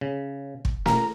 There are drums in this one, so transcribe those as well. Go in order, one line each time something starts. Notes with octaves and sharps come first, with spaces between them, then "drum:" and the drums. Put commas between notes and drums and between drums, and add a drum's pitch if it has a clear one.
C#3
drum: kick
A#4 A#5, drum: snare